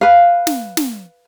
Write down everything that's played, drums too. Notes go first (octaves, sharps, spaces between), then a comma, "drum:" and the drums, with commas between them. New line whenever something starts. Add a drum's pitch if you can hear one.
B4 F5
drum: snare
drum: snare